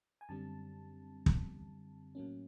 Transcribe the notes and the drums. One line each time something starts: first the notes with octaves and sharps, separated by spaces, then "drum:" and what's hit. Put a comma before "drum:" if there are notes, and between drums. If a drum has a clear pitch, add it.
G#5
F#2 D3 G3 C4 A5
drum: kick
A2 F#3 A#3 C#4